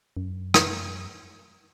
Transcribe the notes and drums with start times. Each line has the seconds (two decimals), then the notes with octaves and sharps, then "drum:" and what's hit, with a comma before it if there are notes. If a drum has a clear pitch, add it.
0.17 F#2
0.54 drum: rim click